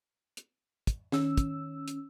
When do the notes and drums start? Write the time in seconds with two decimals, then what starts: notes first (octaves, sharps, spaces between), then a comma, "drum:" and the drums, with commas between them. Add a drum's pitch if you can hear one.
0.37 drum: hi-hat
0.87 drum: kick, hi-hat
1.12 D#3 C#4 E6, drum: snare
1.37 drum: kick, hi-hat
1.88 drum: hi-hat